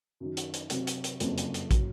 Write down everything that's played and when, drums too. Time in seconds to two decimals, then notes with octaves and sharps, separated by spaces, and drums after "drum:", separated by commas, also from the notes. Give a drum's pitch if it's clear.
0.20 F#2 D#3 F#3
0.37 drum: hi-hat
0.54 drum: hi-hat
0.70 C3 F#3 C4, drum: hi-hat
0.87 drum: hi-hat
1.04 drum: hi-hat
1.20 F#1 F2 C#3 F#3, drum: hi-hat
1.38 drum: hi-hat
1.54 drum: hi-hat
1.71 F#3, drum: kick, hi-hat